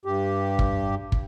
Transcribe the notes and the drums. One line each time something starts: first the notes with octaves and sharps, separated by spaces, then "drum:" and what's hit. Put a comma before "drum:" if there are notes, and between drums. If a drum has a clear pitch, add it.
G2 G4
drum: kick
drum: kick